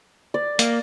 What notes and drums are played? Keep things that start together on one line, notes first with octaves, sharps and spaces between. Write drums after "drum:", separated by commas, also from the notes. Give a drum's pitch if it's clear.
D5
A#3, drum: hi-hat